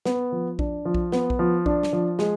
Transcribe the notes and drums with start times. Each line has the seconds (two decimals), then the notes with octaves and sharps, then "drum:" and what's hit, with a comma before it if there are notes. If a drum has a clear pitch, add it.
0.05 B3, drum: snare
0.32 F3
0.59 D4, drum: kick A#1
0.85 F3
0.94 drum: kick A#1
1.12 B3, drum: snare
1.30 drum: kick A#1
1.39 F3
1.66 D4, drum: kick A#1
1.83 drum: snare
1.93 F3
2.19 G#3, drum: snare